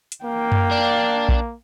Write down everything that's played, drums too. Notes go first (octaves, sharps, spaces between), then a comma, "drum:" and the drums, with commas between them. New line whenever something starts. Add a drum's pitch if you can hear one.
drum: hi-hat
A#3 F5 G5
drum: tom F#2
D4
drum: kick A#1